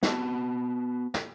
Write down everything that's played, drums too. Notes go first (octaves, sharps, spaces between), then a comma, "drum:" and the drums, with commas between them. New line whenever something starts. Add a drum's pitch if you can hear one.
B3 F#4 A5, drum: snare
drum: snare